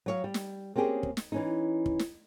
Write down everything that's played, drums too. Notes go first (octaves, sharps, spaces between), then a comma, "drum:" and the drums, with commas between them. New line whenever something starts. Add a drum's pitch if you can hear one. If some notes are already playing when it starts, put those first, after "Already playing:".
F#3 C#5 F5
G3
drum: snare
A#3 C4 C#4 G4 G#4
drum: kick
drum: snare
E3 C#4 D#4
drum: kick
drum: snare